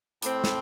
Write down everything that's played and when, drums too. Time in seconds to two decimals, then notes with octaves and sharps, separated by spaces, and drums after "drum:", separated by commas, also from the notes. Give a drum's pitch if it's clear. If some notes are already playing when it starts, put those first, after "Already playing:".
0.22 A2 A3 C4, drum: hi-hat
0.44 drum: snare